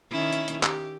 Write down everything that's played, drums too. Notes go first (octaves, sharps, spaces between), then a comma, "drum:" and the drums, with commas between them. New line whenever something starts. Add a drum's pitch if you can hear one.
D#3 C#4 E4
drum: hi-hat
drum: hi-hat
G4, drum: clap